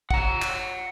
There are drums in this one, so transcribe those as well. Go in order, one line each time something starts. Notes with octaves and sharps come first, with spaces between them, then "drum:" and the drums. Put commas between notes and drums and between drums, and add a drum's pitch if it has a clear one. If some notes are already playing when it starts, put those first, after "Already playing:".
F#5 A#5, drum: kick
drum: clap